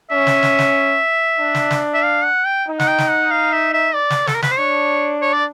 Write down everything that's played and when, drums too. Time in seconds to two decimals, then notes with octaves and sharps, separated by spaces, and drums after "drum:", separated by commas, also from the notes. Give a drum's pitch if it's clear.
0.10 C#4 E5
0.27 drum: snare
0.43 drum: snare
0.59 drum: snare
1.39 D4
1.55 drum: snare
1.71 drum: snare
1.94 E5
2.03 F5
2.24 F#5
2.46 G5
2.66 D#4
2.80 F#5, drum: snare
2.87 G5
2.98 drum: snare
3.09 F#5
3.31 F5
3.52 E5
3.74 E5
3.95 D5
4.10 drum: snare
4.27 A4, drum: snare
4.35 A#4
4.42 B4, drum: snare
4.51 C5
4.58 D4 C#5
5.22 C#5
5.33 D5